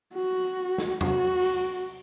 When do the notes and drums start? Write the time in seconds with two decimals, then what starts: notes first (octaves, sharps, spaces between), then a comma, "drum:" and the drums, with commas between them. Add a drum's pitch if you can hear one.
0.14 F#4
0.78 drum: snare
1.01 F#4, drum: tom
1.40 drum: open hi-hat